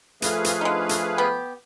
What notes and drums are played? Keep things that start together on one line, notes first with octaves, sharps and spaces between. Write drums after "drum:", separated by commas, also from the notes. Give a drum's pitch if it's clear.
F3 A3 G#4 B4 F5, drum: hi-hat
drum: hi-hat
D3 D#4
drum: hi-hat
B3 G4